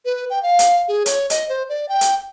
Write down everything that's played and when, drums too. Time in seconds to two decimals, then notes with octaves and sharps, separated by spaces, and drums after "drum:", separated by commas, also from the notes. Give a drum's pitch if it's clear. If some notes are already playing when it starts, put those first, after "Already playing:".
0.05 B4
0.30 G5
0.43 F5
0.59 drum: hi-hat
0.88 G#4
1.06 C#5, drum: hi-hat
1.30 D#5, drum: hi-hat
1.49 C5
1.69 D5
1.89 G5
2.01 drum: hi-hat